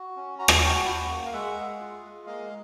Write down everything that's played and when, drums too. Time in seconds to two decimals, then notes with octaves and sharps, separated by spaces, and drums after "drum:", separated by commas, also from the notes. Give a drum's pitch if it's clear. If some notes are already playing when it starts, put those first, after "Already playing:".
Already playing: F#4
0.16 C#4
0.39 F#4 A#5
0.48 A5, drum: rim click
0.57 G#5
0.63 F#4 G5 A5
0.86 F#4 A5 B5
1.10 A#3
1.26 F5
1.33 G#3 E5 F#5
1.56 G#4
1.80 F4
2.03 G#3
2.26 A#3 D#5 F5